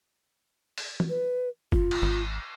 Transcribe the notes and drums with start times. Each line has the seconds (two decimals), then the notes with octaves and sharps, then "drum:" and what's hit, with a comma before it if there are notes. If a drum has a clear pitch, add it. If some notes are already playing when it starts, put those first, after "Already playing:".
0.78 drum: open hi-hat
1.00 drum: tom
1.09 B4
1.72 F4, drum: kick F#1
1.91 drum: cymbal
2.02 G#1